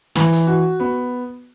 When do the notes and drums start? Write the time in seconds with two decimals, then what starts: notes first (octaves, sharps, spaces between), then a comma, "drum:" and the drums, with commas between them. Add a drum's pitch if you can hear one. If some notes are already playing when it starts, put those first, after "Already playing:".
0.15 E3, drum: snare
0.33 drum: hi-hat
0.47 F#4
0.80 B3